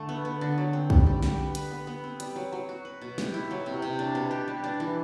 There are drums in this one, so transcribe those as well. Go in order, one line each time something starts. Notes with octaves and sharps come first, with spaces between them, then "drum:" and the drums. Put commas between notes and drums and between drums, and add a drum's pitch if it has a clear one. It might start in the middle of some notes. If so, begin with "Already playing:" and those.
Already playing: D3 A3
B3
B3
D3
F#3
C4
G3, drum: kick
G3
G3, drum: snare
B3
B4, drum: hi-hat
B3
B3
C4
G3, drum: hi-hat
F#3
F#3
F#4
B4
B2
G4, drum: snare
E4
F#3
C3
C3
D4
B2
G4
G3
D4
E3